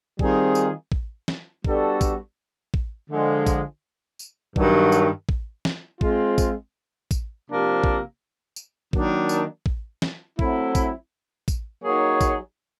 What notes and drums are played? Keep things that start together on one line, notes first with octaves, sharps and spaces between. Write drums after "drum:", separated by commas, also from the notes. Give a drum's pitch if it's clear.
D#3 G3 C4 F4 G#4, drum: kick
drum: tambourine
drum: kick
drum: snare
G3 B3 D4 F#4 A4, drum: kick
drum: kick, tambourine
drum: kick
D3 F3 G#3
drum: kick, tambourine
drum: tambourine
G2 D#3 F#3, drum: kick
drum: tambourine
drum: kick
drum: snare
G#3 C4 F4, drum: kick
drum: kick, tambourine
drum: kick, tambourine
C3 F3 A#3 D4
drum: kick
drum: tambourine
D#3 F#3 A#3 D4, drum: kick
drum: tambourine
drum: kick
drum: snare
F#3 A3 C4 E4, drum: kick
drum: kick, tambourine
drum: kick, tambourine
F#3 A#3 D#4 G#4 C#5
drum: kick, tambourine